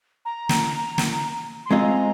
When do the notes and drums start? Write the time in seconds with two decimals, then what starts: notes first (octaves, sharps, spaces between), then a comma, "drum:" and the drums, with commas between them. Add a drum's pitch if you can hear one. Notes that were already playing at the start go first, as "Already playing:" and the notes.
0.25 A#5
0.49 drum: snare
0.98 drum: snare
1.66 C6
1.71 G#3 C4 F4 G#4 D#5 A#5